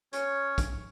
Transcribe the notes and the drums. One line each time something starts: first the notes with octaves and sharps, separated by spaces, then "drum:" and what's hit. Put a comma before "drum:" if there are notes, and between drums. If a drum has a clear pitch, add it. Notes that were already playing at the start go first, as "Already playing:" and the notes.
C#4 C#5, drum: hi-hat
drum: kick, hi-hat